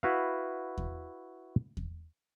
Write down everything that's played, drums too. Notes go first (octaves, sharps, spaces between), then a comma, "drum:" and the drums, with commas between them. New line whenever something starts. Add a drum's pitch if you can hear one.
E4 F#4 B4 E5 F5
drum: kick E2
drum: kick E2